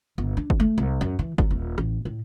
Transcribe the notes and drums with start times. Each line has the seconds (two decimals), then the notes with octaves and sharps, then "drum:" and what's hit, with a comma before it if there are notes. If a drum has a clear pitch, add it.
0.18 G1
0.37 D4
0.50 drum: kick G1
0.60 A3
0.78 C2
1.01 F#2
1.19 E3
1.38 F#3, drum: kick G1
1.51 D#1
1.78 A1, drum: rim click
2.05 A2